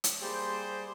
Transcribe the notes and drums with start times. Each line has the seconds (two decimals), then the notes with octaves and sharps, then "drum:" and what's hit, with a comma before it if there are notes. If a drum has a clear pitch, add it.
0.04 drum: hi-hat
0.21 G3 A#3 G4 G#4 C5